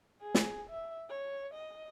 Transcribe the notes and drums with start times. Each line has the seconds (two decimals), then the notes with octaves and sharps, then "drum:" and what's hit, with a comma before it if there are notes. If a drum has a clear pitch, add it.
0.22 G#4
0.35 drum: snare
0.70 E5
1.09 C#5
1.54 D#5